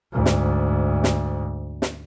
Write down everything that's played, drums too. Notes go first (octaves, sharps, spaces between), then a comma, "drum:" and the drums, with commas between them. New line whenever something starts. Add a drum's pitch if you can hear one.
D2 G#2
drum: snare
drum: snare
drum: snare